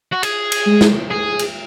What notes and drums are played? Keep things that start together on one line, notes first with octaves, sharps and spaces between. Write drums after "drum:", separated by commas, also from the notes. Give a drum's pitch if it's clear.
F#4
G#4, drum: cymbal
drum: cymbal
G#3
drum: snare
G#4
drum: cymbal